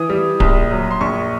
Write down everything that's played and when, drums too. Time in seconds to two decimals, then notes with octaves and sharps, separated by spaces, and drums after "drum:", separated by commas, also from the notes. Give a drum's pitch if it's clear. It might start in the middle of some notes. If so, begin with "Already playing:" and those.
Already playing: E3 D#6
0.10 G3
0.40 A#1, drum: kick D1
0.71 F#3
0.91 C6
1.01 A#1 C#6